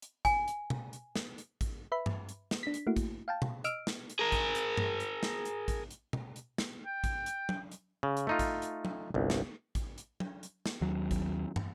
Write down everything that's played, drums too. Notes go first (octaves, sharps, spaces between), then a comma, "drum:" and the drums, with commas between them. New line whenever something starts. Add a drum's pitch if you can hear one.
drum: hi-hat
G#5, drum: kick A1, hi-hat
drum: hi-hat
drum: tom B2
drum: hi-hat
drum: snare
drum: hi-hat
drum: kick A1, hi-hat
B4 E5 B5
drum: tom G2
drum: hi-hat
drum: snare
D4 B6
drum: hi-hat
A3 A#3 E4 F#4
drum: kick A1, hi-hat
F5 G5 A5
drum: tom B2
D#5 E6 F6 D7, drum: hi-hat
drum: snare
drum: hi-hat
G#4 A#4
drum: kick A1, hi-hat
drum: hi-hat
drum: tom G2
drum: hi-hat
drum: snare
drum: hi-hat
drum: kick A1, hi-hat
drum: hi-hat
drum: tom B2
drum: hi-hat
drum: snare
G5
drum: kick A1, hi-hat
drum: hi-hat
drum: tom
drum: hi-hat
C#3
drum: hi-hat
A3 D#4 F4
drum: kick A1, hi-hat
drum: hi-hat
drum: tom
G1 C2
drum: snare
drum: kick A1, hi-hat
drum: hi-hat
drum: tom
drum: hi-hat
drum: snare
D#2 F#3
drum: kick A1, hi-hat
drum: tom